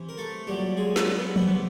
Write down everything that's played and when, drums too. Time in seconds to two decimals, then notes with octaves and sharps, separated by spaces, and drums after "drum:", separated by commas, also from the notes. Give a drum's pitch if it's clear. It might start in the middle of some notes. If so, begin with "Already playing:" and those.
Already playing: C3 E3
0.09 A#4
0.18 A3 A4
0.47 A#2 F#3 G3 G4
0.77 G#3 G#4
0.96 A#4, drum: snare
1.07 B3 B4
1.36 C3 E3 B3 B4, drum: tom F3